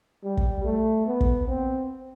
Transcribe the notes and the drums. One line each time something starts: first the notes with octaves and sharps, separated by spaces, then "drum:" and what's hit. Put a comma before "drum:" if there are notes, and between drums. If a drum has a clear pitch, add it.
G3
drum: kick
A3
B3
drum: kick
C4